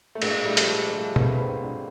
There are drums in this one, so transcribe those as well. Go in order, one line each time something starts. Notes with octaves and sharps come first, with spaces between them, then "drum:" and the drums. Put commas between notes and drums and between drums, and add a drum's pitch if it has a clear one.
A3
A#1 G#3 A#3, drum: cymbal
A#2
G3 A3
F3, drum: hi-hat
G#3
F3
A#3
F3 G3 A3
F3
A3 B3, drum: tom B2
A#3
A#1
B3
A#3 C4
A#1
A#1